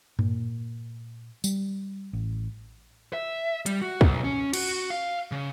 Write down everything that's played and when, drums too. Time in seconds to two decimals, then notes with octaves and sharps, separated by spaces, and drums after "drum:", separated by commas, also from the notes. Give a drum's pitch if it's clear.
0.19 A#2, drum: tom G2
1.44 G3, drum: tambourine
2.13 A1
3.13 E5
3.66 G3, drum: hi-hat
3.82 F#4
4.01 B1, drum: kick
4.24 C#4
4.54 F#4, drum: cymbal
4.90 F5
5.32 C#3